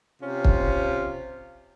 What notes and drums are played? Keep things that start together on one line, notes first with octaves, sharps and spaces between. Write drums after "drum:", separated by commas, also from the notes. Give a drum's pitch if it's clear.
C3 C4 C#4 F4
drum: kick